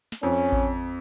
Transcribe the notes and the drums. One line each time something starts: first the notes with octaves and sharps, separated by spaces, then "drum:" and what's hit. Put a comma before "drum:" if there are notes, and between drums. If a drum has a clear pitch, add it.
drum: snare
F2 C#4
drum: kick A1